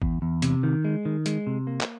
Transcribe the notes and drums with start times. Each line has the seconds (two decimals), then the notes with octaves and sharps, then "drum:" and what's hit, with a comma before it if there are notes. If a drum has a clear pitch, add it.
0.02 E2, drum: kick A1
0.22 E2
0.42 C3, drum: hi-hat
0.63 D#3
0.85 G#3
1.05 D#3
1.26 G#3, drum: hi-hat
1.47 C3
1.67 A#3
1.81 drum: clap